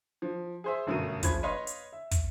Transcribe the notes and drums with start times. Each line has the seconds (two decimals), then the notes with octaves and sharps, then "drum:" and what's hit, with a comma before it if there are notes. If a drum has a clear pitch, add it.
0.22 F3
0.64 G#4 C5 E5
0.87 G1 F#2 B2 A3 A#4 D#7
1.23 F#1 F3 B5 G#6, drum: kick, hi-hat
1.43 B4 C#5 D#5 F5 C6
1.67 drum: hi-hat
1.93 E5
2.11 drum: kick, hi-hat